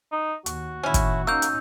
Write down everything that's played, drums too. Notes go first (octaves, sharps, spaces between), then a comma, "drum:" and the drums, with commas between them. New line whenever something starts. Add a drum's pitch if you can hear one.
D#4
D#2 F#4, drum: hi-hat
A2 D#3 C#4 E4
drum: kick, hi-hat
A#3 C#4 D#4 E6 G6
drum: hi-hat